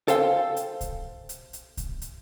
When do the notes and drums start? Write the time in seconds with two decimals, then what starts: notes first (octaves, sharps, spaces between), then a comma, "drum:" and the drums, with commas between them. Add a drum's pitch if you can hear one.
0.08 A4 C5 F5 G5, drum: hi-hat
0.57 drum: hi-hat
0.81 drum: kick, hi-hat
1.29 drum: hi-hat
1.53 drum: hi-hat
1.77 drum: kick, hi-hat
2.02 drum: hi-hat